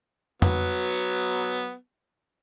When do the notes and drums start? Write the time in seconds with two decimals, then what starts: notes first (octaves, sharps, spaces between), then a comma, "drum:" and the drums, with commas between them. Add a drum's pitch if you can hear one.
0.42 F#3 B3, drum: tom